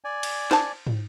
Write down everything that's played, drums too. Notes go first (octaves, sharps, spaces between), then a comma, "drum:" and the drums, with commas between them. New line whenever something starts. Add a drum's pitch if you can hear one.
D5 G#5
drum: cymbal
C5 A5, drum: snare
drum: tom